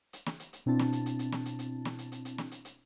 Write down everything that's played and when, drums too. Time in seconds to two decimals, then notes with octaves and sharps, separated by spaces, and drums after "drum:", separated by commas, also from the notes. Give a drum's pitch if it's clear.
0.13 drum: hi-hat
0.26 drum: snare
0.40 drum: hi-hat
0.53 drum: hi-hat
0.66 B2 C4 D4 E4 A5 A6
0.79 drum: snare
0.93 drum: hi-hat
1.06 drum: hi-hat
1.19 drum: hi-hat
1.32 drum: snare
1.46 drum: hi-hat
1.59 drum: hi-hat
1.85 drum: snare
1.99 drum: hi-hat
2.12 drum: hi-hat
2.25 drum: hi-hat
2.38 drum: snare
2.51 drum: hi-hat
2.65 drum: hi-hat